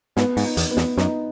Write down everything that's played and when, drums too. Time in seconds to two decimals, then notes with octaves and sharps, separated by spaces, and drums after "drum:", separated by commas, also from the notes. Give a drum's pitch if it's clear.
0.17 G#2 B3, drum: snare
0.37 G#2, drum: open hi-hat
0.44 D#4
0.57 E2, drum: hi-hat
0.71 B3
0.77 E2, drum: snare
0.98 F#2 D#4, drum: snare